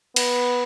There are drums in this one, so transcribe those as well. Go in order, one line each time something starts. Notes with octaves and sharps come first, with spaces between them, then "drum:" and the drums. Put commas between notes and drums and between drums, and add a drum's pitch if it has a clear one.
B3, drum: cymbal